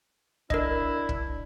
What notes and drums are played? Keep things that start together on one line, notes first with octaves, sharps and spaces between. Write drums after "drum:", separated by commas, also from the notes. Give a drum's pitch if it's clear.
D4 E4 A#4 D#5, drum: kick
drum: kick